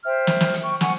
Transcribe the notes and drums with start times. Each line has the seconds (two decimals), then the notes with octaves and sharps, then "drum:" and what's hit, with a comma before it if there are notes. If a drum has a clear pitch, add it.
0.05 C5 E5 G5 F6
0.27 drum: snare
0.40 drum: snare
0.54 drum: hi-hat
0.63 G5 C#6
0.81 F#5 G#5 C#6, drum: snare